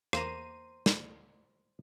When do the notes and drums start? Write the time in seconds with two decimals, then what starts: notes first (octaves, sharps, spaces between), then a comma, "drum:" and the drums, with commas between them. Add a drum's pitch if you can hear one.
0.13 E2 A#3 C5 A#5 D#7, drum: rim click
0.86 drum: snare